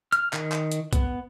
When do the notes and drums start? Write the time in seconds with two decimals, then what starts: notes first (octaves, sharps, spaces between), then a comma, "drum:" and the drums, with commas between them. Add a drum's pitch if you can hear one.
0.12 F6, drum: hi-hat
0.33 D#3, drum: clap
0.52 drum: clap
0.72 drum: hi-hat
0.93 B3, drum: kick, hi-hat